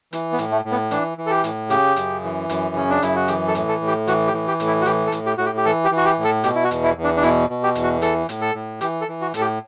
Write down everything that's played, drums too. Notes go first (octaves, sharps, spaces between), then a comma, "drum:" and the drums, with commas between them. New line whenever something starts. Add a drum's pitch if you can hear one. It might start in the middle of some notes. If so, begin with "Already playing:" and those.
E3, drum: hi-hat
B3
A2, drum: hi-hat
A3
A2
B3
E3 D4, drum: hi-hat
E3
A4
G4
A2, drum: hi-hat
C#3 G4, drum: hi-hat
F#2, drum: hi-hat
E3
F#2, drum: hi-hat
C#3 C#4
D4
F#2 E4, drum: hi-hat
F#4
E3 G4, drum: hi-hat
A4
A2, drum: hi-hat
A4
A2
G4
E3 F#4, drum: hi-hat
G4
E3
G4
A2, drum: hi-hat
E4
F#4
E3 G4, drum: hi-hat
A4
A2, drum: hi-hat
G4
A2 F#4
G4
G4
E3 A4
G4
E3
F#4
G4
A2
A4
B2 G4, drum: hi-hat
E4
F#4
E2, drum: hi-hat
E4
E2
D4
D4
B2 E4, drum: hi-hat
B2
G4
E2, drum: hi-hat
F#4
E3 A4, drum: hi-hat
A2, drum: hi-hat
A4
A2
E3 G4, drum: hi-hat
A4
E3
F#4
A2 A4, drum: hi-hat
G4